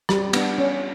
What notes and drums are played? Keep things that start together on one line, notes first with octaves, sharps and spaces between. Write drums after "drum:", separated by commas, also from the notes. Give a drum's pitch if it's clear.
G3, drum: rim click
B3 D4, drum: cymbal
C#4